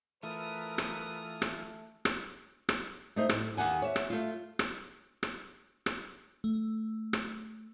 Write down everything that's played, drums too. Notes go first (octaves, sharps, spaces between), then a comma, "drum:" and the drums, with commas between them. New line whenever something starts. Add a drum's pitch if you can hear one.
E3 A3 F4 A#4 B4 D#6
drum: rim click
drum: rim click
drum: rim click
drum: rim click
A3 D#4 C5
A2, drum: rim click
D#2 F#3 F#5 G#5
C#5 E5
drum: rim click
A3 F4
drum: rim click
drum: rim click
drum: rim click
A3
drum: rim click